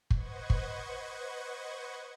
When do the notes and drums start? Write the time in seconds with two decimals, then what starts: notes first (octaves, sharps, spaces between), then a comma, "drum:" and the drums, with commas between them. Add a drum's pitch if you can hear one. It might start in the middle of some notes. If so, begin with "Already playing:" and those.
0.11 B4 C5 D#5 F#5 C#6 G#6, drum: kick
0.50 drum: kick